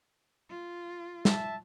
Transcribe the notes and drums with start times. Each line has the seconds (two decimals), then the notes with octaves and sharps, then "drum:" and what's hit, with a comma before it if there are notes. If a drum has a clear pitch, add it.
0.50 F4
1.25 E5 A5, drum: snare